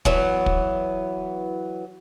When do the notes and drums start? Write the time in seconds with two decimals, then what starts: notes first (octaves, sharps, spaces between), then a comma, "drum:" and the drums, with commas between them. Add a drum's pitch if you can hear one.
0.05 E3 F#3 B3, drum: kick
0.46 drum: kick